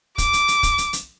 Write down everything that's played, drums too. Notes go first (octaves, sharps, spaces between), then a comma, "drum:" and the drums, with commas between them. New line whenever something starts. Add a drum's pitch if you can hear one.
D6, drum: kick, hi-hat
drum: hi-hat
drum: hi-hat
drum: kick, hi-hat
drum: hi-hat
drum: hi-hat